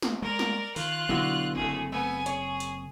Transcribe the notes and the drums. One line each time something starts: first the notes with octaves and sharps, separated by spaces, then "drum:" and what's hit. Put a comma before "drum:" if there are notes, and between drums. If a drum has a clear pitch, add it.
drum: snare
G#3 A#4 D5
drum: snare
D#3 F4 F#6, drum: open hi-hat
B1 D3 F#3 B3 E4 F#4
F#1 A3 C4 G#4
A3 B3 G#5
G#4 C#5, drum: hi-hat
drum: hi-hat